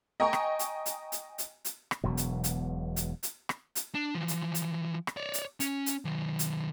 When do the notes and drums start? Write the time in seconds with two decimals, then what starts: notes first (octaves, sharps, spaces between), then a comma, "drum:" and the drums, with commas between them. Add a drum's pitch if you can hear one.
0.20 D#5 G5 G#5 A#5 C#6
0.33 drum: rim click
0.59 drum: hi-hat
0.86 drum: hi-hat
1.12 drum: hi-hat
1.38 drum: hi-hat
1.65 drum: hi-hat
1.91 drum: rim click
2.04 E1 B2 F#3
2.17 drum: hi-hat
2.44 drum: hi-hat
2.96 drum: hi-hat
3.23 drum: hi-hat
3.49 drum: rim click
3.75 drum: hi-hat
3.95 D4
4.15 E3 F3
4.28 drum: hi-hat
4.55 drum: hi-hat
5.07 drum: rim click
5.17 C#5 D5
5.34 drum: hi-hat
5.60 C#4, drum: hi-hat
5.86 drum: hi-hat
6.05 D#3 F#3
6.39 drum: hi-hat